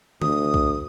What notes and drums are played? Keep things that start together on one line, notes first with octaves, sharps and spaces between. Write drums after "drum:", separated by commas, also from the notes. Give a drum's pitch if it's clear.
D2 D#6, drum: tom D#3
drum: kick B1